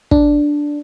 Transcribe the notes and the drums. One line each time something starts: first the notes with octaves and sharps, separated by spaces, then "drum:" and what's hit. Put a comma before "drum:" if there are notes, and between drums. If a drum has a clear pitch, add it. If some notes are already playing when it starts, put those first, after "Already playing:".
D4, drum: kick